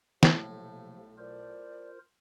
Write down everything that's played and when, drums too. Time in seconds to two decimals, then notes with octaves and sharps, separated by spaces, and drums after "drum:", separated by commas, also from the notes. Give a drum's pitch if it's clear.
0.23 B1 A2 C3 F3 A3 A#3, drum: snare
1.18 F4 A#4 C5 D5